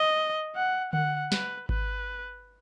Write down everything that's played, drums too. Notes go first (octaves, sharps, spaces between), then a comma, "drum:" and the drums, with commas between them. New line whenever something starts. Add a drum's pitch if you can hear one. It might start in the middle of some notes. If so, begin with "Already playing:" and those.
Already playing: D#5
F#5
F#5, drum: tom D3
B4, drum: snare
B4, drum: kick G#1